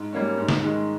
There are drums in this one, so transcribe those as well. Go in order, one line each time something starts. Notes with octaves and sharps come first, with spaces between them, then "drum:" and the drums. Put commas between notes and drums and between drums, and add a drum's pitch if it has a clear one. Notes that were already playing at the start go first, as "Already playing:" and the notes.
Already playing: G#2
G3 A#3 C#4
G#2
drum: snare
D#3 G#3